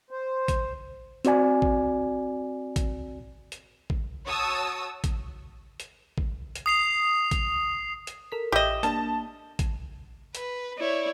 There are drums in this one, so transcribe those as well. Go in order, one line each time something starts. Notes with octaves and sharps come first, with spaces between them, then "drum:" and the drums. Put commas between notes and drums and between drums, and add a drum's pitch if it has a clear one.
C5
drum: kick, hi-hat
C4 F#4 D5 G#5, drum: hi-hat
drum: kick
drum: kick, hi-hat
drum: hi-hat
drum: kick
F#4 C#5 A5 D#6 E6
drum: kick, hi-hat
drum: hi-hat
drum: kick
drum: hi-hat
D#6 C7 F7
drum: kick, hi-hat
drum: hi-hat
A4 A#4 B6
A1 G4 D#5 E5 E7
A#3 D4 A5, drum: hi-hat
drum: kick, hi-hat
B4, drum: hi-hat
E4 C#5 D5